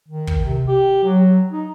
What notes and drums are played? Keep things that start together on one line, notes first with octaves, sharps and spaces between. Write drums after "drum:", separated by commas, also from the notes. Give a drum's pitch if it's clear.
D#3
drum: kick
C3
G4
F#3
D#4